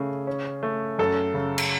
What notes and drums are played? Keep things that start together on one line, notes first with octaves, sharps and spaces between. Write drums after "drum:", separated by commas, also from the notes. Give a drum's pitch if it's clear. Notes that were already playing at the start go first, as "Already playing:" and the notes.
Already playing: C#3 A3 G#4
C#4
A3
F#2 A4
C#3
drum: cymbal